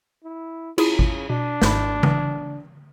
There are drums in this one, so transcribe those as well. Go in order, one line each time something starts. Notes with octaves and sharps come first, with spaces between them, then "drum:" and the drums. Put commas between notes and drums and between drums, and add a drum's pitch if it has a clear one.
E4
C#3 E4 F4 G#4, drum: cymbal
drum: kick G#1
B2 D4
G#1 G#2 B5, drum: snare
E3, drum: tom C#3